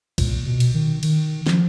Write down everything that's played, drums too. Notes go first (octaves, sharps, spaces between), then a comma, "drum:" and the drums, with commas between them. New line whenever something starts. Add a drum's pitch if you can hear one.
A#2, drum: kick, cymbal
B2
drum: cymbal
D#3
D#3, drum: cymbal
F3, drum: snare